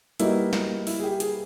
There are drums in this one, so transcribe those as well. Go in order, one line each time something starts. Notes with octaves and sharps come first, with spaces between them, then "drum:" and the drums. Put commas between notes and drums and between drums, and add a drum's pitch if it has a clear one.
G3 A#3 D#4 E4 F#4 B4, drum: hi-hat
drum: snare
E4, drum: open hi-hat
G#4
G4
G#4, drum: hi-hat